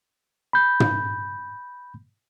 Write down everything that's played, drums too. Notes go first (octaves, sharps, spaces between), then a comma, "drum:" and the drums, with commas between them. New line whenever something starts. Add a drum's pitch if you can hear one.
B5 G6
drum: tom